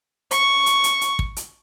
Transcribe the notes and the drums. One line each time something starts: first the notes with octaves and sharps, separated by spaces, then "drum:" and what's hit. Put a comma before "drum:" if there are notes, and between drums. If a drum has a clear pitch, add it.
C#6, drum: hi-hat
drum: hi-hat
drum: hi-hat
drum: hi-hat
drum: kick
drum: hi-hat